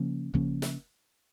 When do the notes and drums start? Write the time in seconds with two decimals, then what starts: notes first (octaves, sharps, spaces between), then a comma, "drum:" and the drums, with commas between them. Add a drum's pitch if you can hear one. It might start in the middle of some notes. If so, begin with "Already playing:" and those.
Already playing: C#3 F3 A#3 C#4
0.34 C#3 F3 A#3 C#4, drum: kick
0.62 drum: snare